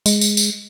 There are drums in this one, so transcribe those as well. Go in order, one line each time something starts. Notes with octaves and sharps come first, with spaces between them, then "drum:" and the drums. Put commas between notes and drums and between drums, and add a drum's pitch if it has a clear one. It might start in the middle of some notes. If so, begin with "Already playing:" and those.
G#3, drum: tambourine
drum: tambourine
drum: tambourine